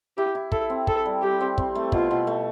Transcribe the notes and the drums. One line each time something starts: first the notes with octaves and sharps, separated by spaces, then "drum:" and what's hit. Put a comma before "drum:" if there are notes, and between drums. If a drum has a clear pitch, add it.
E4 G4
E4
E4 A4, drum: kick
C4
E4 A4, drum: kick
G3
G3 G4
C4
C4, drum: kick
A3
B2 F4, drum: kick
B2
A3